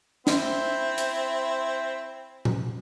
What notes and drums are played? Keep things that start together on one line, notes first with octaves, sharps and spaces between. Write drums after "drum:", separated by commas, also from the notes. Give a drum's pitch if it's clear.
C4 E4, drum: snare
drum: hi-hat
drum: tom A#2